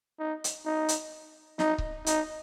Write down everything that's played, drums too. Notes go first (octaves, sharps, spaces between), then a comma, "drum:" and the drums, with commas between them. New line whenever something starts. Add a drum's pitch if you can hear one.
D#4
drum: hi-hat
D#4
drum: hi-hat
D#4, drum: snare
drum: kick C#1
D#4, drum: hi-hat